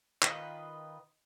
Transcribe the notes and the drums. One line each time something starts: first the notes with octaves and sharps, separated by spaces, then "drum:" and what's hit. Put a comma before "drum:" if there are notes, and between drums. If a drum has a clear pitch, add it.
D#3 F4 B4 D#5, drum: clap